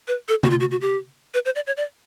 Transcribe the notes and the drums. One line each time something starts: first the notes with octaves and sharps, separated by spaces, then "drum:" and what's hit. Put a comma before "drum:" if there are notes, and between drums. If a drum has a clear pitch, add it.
B4
A4
F#4, drum: tom C3
F4
F#4
F#4
G4
B4
C5
D5
C#5
D5